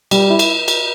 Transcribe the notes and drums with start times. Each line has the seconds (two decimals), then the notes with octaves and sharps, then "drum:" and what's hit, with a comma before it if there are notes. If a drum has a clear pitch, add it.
0.11 G3, drum: cymbal
0.30 E4
0.39 drum: cymbal
0.68 drum: cymbal